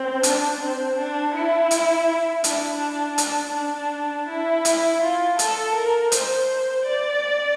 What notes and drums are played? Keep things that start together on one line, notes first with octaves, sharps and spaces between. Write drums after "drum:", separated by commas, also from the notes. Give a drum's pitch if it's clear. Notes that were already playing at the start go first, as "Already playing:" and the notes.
Already playing: C4
D4, drum: hi-hat
C4
D4
E4
drum: hi-hat
D4, drum: hi-hat
drum: hi-hat
D4
E4
drum: hi-hat
F4
A4, drum: hi-hat
A#4
C5, drum: hi-hat
D5